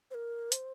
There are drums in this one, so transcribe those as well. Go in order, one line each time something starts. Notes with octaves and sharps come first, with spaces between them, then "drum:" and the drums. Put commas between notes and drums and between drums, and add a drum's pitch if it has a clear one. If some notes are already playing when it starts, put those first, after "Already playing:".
C5
A#4
C5, drum: hi-hat